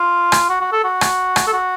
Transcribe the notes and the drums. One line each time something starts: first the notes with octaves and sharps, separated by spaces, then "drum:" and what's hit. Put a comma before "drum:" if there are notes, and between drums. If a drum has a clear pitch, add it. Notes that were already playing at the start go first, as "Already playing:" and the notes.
Already playing: F4
drum: rim click
F#4
F#4
A4
F#4
drum: rim click
drum: rim click
A4
F#4